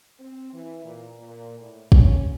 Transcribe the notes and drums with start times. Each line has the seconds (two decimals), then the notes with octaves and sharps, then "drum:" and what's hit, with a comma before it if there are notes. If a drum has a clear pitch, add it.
0.20 C4
0.53 E3
0.85 A#2
1.18 A#2
1.59 A2
1.92 C#4, drum: kick